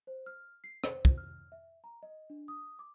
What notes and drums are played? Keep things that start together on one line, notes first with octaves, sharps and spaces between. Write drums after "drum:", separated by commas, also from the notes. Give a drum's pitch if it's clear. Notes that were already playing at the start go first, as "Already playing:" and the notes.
C5
F6
C7
C5, drum: rim click
drum: kick
F6
E5
A#5
D#5
D4
D#6
D6